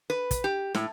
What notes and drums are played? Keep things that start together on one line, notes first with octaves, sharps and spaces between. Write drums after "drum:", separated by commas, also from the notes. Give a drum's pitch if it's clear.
B4
drum: kick, hi-hat
G4
A2, drum: snare